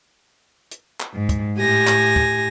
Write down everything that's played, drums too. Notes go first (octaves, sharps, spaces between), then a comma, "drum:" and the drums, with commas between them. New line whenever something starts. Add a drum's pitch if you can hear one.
drum: hi-hat
drum: clap
G#2
drum: kick, hi-hat
A2 G4 G#5 A#6
drum: clap
drum: kick